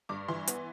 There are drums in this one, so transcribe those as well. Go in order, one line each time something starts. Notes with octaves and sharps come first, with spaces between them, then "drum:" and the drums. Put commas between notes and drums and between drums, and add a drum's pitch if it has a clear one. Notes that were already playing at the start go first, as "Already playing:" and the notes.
G2 D6
E3 C6
B3, drum: hi-hat